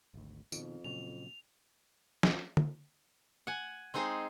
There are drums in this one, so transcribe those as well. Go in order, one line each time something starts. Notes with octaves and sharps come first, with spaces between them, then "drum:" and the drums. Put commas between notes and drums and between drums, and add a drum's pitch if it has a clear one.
G#1 D2
F2 B2 D#3, drum: tambourine
A#2 C#3 F#3 F7
drum: snare
drum: tom D3
F#5 G#5
G#3 C4 D#4 G#4 C5